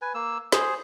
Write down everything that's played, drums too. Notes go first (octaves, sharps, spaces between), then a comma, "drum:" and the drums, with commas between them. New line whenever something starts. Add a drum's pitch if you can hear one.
B4 G#5
A#3 E6
G#4 C5, drum: snare